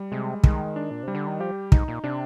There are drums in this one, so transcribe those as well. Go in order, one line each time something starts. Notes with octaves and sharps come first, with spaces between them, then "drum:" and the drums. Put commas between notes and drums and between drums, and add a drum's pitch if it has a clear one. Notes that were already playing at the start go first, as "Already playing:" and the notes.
Already playing: G3
C3 G#3
D#3 G#3, drum: kick
D4
A#2
C3 G3
D3
D#3
F3 G4
G#2 D#4, drum: kick
A#2
C3 D4